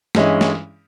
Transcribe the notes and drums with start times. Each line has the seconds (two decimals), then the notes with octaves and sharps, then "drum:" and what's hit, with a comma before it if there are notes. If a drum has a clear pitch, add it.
0.15 G2 E3 G#3 C#4 E4, drum: snare
0.41 drum: snare